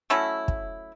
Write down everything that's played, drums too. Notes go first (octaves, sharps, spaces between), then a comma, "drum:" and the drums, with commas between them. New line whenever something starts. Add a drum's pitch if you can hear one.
F#3 A3 C#4 E4
drum: kick